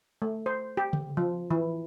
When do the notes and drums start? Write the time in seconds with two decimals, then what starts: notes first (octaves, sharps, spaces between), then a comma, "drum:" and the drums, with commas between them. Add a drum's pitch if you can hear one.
0.22 A3
0.46 C5
0.77 G4
0.93 drum: tom C#3
1.17 F3
1.50 E3